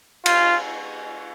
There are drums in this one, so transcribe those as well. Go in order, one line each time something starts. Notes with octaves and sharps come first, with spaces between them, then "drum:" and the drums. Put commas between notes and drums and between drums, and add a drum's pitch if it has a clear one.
F4, drum: cymbal